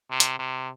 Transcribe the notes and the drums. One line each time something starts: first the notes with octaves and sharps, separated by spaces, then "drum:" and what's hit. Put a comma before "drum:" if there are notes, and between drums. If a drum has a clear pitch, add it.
C3
drum: hi-hat
C3